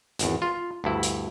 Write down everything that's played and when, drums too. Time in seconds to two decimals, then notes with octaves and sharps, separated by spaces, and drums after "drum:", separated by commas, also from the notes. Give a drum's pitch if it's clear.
0.19 G#1 E2, drum: hi-hat
0.42 F4
0.84 D2 G2 E4
1.03 drum: hi-hat